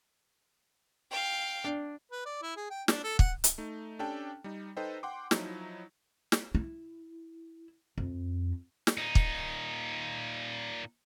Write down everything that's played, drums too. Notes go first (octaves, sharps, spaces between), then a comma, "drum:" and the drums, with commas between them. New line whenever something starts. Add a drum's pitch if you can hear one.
F5 G5
D4
B4
D5
E4
G#4
G5
D4, drum: snare
A4
F#5, drum: kick
drum: hi-hat
A3 D#4
C#4 D4 G4 A4 G5 A5
G3 D#4
D#4 A4 B4 C5 D#5 G5
F#5 G5 C6 D6
F3 F#3 D#4 E4, drum: snare
drum: snare
E4
F2
drum: snare
A#2 D#4
drum: kick